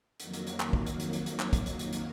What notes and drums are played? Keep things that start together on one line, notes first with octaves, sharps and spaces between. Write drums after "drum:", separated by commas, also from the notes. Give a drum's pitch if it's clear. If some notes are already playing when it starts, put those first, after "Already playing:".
F2 D#3 F#3 A#3, drum: hi-hat
drum: hi-hat
drum: hi-hat
drum: clap
drum: kick
drum: hi-hat
drum: hi-hat
drum: hi-hat
drum: hi-hat
drum: clap
drum: kick, hi-hat
drum: hi-hat
drum: hi-hat
drum: hi-hat